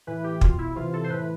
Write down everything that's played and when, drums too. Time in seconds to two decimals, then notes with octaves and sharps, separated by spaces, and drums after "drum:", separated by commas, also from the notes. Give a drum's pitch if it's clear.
0.07 A2 E3 B4
0.24 G4
0.41 B2 F4, drum: kick
0.58 E4
0.75 C3 E3 F4
0.93 A4
1.04 C5
1.10 A2 E3 B4